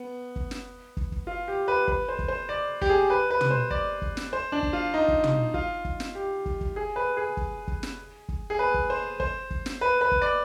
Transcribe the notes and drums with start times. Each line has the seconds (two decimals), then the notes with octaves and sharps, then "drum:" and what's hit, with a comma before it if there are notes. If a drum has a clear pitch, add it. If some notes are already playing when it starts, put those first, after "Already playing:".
Already playing: B3
0.36 drum: kick
0.51 drum: snare
0.97 drum: kick
1.12 drum: kick
1.27 F4
1.48 G4
1.68 B4
1.88 B4, drum: kick
2.08 C5
2.19 drum: kick
2.28 C5
2.49 D5
2.82 G4, drum: kick
2.89 G#4
3.10 B4
3.31 B4
3.41 drum: tom
3.50 C5
3.71 D5, drum: kick
4.02 drum: kick
4.17 drum: snare
4.33 C5
4.52 D4
4.63 drum: kick
4.73 F4
4.94 D#4
5.08 drum: kick
5.24 drum: tom
5.54 F4, drum: kick
5.85 drum: kick
6.00 drum: snare
6.15 G4
6.46 drum: kick
6.61 drum: kick
6.76 G#4
6.96 B4
7.17 G#4
7.37 drum: kick
7.68 drum: kick
7.83 drum: snare
8.29 drum: kick
8.50 G#4
8.59 B4
8.74 drum: kick
8.90 C5
9.20 C5, drum: kick
9.51 drum: kick
9.66 drum: snare
9.81 B4
10.01 B4
10.12 drum: kick
10.22 D5